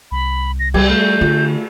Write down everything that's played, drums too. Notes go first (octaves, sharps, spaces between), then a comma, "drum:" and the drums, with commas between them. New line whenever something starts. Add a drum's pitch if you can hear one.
C2 B5
A#6
G3 G4 G#6, drum: cymbal
A3 G6
D3 F4